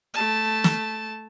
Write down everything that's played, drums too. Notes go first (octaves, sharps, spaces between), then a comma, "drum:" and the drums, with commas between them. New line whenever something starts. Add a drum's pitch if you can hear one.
A3 A5
drum: snare